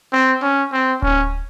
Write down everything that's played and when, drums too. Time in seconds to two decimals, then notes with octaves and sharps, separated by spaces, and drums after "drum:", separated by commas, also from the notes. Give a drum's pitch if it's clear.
0.13 C4
0.42 C#4
0.73 C4
1.02 C#4, drum: kick D1